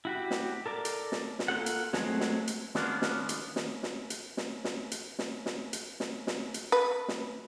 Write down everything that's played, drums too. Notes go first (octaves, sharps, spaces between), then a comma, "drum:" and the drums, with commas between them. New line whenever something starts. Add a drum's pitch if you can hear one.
E4 F#4 G4
drum: snare
A4 A#4 D5 D6
drum: hi-hat
drum: snare
drum: snare
A#3 F4 A4 F#5
drum: hi-hat
F#3 G#3 A3 C4, drum: snare
drum: snare
drum: hi-hat
D#3 G#3 A#3 B3 C#4 D4, drum: snare
drum: snare
drum: hi-hat
drum: snare
drum: snare
drum: hi-hat
drum: snare
drum: snare
drum: hi-hat
drum: snare
drum: snare
drum: hi-hat
drum: snare
drum: snare
drum: hi-hat
B4
drum: snare